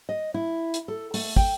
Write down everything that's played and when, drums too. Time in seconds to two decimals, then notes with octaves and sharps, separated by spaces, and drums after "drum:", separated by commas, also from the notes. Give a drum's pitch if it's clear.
0.09 D#5
0.34 E4
0.74 drum: hi-hat
0.88 A4
1.14 A3, drum: open hi-hat
1.36 G5, drum: kick